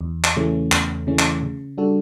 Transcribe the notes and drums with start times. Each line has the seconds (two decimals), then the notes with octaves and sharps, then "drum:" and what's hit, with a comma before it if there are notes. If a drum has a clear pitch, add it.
0.01 E2
0.24 drum: clap
0.36 C#3 E3 A3 C#4
0.72 E2, drum: clap
1.07 C#3 E3 A3 C#4
1.19 drum: clap
1.42 C#3
1.78 G3 D4 F#4 A4